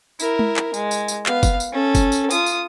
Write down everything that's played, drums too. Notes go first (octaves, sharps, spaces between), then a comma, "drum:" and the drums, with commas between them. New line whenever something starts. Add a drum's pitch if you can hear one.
E4 A#4, drum: tambourine
drum: tom G#3
drum: clap
G#3, drum: tambourine
drum: tambourine
drum: tambourine
B3 F5, drum: clap
drum: kick, tambourine
drum: tambourine
C#4 A4
drum: kick, tambourine
drum: tambourine
F4 D#6, drum: tambourine
drum: tambourine